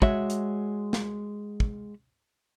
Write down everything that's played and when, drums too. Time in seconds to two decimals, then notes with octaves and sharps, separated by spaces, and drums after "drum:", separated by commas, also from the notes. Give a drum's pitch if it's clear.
0.02 G#3 F#4 C#5 E5, drum: kick
0.30 drum: hi-hat
0.93 drum: snare
1.60 drum: kick